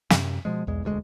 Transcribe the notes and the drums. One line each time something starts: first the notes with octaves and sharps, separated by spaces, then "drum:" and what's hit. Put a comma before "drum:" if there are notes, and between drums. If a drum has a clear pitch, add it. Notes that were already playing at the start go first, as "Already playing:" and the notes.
F#2 C3, drum: snare
B2 F3 G#3
B1 E2 G#3
E1 D2 E3 G#3